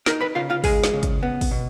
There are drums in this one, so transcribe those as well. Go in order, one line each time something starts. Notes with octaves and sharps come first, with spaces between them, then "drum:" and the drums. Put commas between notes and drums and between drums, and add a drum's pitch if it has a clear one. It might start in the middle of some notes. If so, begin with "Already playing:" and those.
D#4 A#4 A#5, drum: snare
B4 B5
C#3 F4 F5
F4 F5
G#3 G#4 G#5, drum: kick, open hi-hat
drum: snare
C#3
drum: kick, hi-hat
B3
drum: kick, open hi-hat
B2